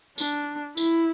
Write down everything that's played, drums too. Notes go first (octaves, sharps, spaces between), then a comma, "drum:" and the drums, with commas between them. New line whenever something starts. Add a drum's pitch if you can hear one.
D4, drum: tambourine
E4, drum: tambourine